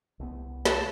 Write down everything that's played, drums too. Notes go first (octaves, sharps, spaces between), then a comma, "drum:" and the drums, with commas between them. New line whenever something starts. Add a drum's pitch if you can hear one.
C2 B3
A5, drum: snare